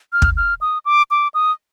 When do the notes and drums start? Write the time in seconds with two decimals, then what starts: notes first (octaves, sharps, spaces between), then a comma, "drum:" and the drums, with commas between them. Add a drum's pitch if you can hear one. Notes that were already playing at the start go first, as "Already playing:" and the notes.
0.13 F6
0.22 drum: kick
0.37 F6
0.61 D#6
0.85 D6
1.11 D6
1.34 D#6